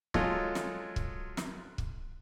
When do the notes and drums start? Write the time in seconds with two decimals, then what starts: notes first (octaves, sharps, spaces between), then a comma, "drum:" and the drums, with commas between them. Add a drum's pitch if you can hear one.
0.14 F#3 G#3 F4 A4 D#5, drum: kick
0.55 drum: snare
0.96 drum: kick
1.37 drum: snare
1.78 drum: kick